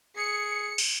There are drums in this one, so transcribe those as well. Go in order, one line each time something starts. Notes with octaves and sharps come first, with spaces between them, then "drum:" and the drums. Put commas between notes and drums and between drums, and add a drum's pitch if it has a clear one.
G#4 C#7
drum: cymbal